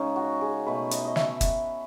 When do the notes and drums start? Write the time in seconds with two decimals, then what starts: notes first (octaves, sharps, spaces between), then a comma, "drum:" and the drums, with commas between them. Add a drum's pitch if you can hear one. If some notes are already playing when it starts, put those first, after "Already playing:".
Already playing: C#3 G#3 C#4 D#4
0.16 F#4
0.41 G#4
0.67 B2 A3 B4
0.91 D#5, drum: hi-hat
1.05 D#5
1.16 E5, drum: snare
1.41 drum: kick, hi-hat